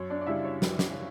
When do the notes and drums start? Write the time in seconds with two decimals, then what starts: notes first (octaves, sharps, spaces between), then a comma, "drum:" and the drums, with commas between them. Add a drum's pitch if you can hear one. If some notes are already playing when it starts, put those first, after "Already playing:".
Already playing: F#2 C#5
0.10 D4 D5
0.21 D5
0.27 C#3 G3 E4 E5
0.44 C#5
0.62 F#2 B4, drum: snare
0.79 drum: snare